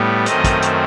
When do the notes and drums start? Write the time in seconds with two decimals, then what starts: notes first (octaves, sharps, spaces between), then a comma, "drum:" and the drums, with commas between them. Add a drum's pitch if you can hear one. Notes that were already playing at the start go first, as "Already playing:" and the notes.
Already playing: A2 G3 B3
0.26 F#2 D#3 A3 C4 D#5, drum: hi-hat
0.44 drum: kick, hi-hat
0.62 drum: hi-hat